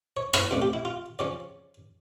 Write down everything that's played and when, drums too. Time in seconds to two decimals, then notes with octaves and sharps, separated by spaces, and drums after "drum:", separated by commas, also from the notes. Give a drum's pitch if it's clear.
0.17 C#5
0.33 C#5, drum: rim click
0.51 F2 C#3 F3 A3 D4
0.62 G4
0.73 E4
0.85 F4
1.19 C#3 F3 C#4 D5